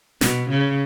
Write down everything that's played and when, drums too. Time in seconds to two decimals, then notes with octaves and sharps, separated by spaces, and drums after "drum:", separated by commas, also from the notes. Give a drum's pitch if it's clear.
0.21 B2, drum: snare
0.50 C#3